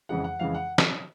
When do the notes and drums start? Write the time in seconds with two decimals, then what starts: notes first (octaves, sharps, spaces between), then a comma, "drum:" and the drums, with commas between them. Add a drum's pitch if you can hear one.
0.09 F2 C#3 E3 G#3 F#5
0.24 F#5
0.39 F2 C#3 E3 G#3 F5
0.54 F#5
0.78 drum: snare